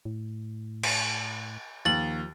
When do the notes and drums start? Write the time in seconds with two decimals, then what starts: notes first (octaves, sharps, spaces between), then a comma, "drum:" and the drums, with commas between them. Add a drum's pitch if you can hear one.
0.05 A2
0.83 drum: cymbal
1.85 D#2 F3 A6 F#7